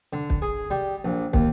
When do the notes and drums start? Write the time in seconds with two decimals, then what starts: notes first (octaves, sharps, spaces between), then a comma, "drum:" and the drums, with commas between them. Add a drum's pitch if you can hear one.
0.13 D3
0.30 drum: kick
0.42 G#4
0.71 G3
1.05 A#1
1.33 D#2, drum: kick